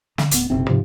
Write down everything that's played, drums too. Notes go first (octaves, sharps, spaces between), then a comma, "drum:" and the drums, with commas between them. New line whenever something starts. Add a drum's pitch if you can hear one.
D3, drum: snare
D1 B3, drum: hi-hat
F#1 B1 C3 C4
G#2 C3 F3